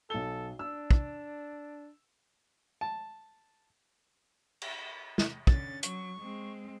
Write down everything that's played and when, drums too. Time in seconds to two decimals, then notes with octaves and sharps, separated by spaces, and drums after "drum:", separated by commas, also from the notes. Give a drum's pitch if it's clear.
0.10 B1 A4 G7
0.59 D4 E6
0.91 drum: kick
2.81 A5
4.62 drum: cymbal
5.18 drum: snare
5.47 D3 C#4 A6, drum: kick
5.83 F#3 C#6, drum: hi-hat
6.21 G#3 C4